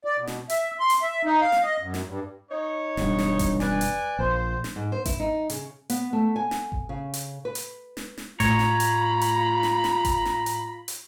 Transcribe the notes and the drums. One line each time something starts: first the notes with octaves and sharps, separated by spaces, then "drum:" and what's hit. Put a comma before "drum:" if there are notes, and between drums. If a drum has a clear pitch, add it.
D5
B2
drum: snare
E5, drum: hi-hat
C6
drum: hi-hat
E5
D#4
F5
drum: snare
D#5
F#2
drum: snare
G2
D#4 C#5
E1 G2, drum: snare
drum: snare
drum: kick G#1, hi-hat
B4 D5 G#5, drum: snare
drum: hi-hat
A#1 C5
drum: snare
G#2
C5
E4, drum: kick G#1, hi-hat
D#4
C#3, drum: hi-hat
B3, drum: hi-hat
A3
G#5
drum: snare
drum: kick G#1
C#3
drum: hi-hat
B4
drum: hi-hat
drum: snare
drum: snare
A2 F4 C#5 A#5 B5, drum: kick G#1, hi-hat
drum: snare
drum: hi-hat
drum: hi-hat
drum: snare
drum: snare
drum: kick G#1, hi-hat
drum: snare
drum: hi-hat
drum: hi-hat